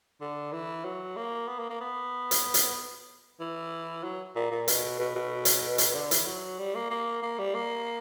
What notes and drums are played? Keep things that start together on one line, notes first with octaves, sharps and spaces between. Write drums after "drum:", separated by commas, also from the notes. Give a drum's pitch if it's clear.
D3
E3
F#3
A#3
B3
A#3
A#3
B3
drum: hi-hat
drum: hi-hat
E3
F#3
A#2
A#2
B2, drum: hi-hat
B2
B2
drum: hi-hat
drum: hi-hat
D3
E3, drum: hi-hat
F#3
G3
A#3
A#3
A#3
G3
A#3